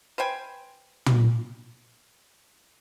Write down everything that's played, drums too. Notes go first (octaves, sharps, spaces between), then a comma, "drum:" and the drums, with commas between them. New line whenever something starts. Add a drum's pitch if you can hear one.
B4 C5 G5 G#5
drum: tom